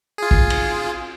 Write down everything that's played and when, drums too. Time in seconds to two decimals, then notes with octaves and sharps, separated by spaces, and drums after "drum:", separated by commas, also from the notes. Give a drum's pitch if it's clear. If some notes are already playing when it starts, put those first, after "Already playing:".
0.18 F4 G#4
0.31 drum: kick
0.50 drum: cymbal